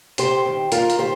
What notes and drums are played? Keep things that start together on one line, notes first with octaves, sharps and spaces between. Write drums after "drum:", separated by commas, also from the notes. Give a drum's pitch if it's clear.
C3 G4 C5, drum: hi-hat
D#3 C4
D#2 F4 A#4, drum: hi-hat
drum: hi-hat
D#3 G4 C5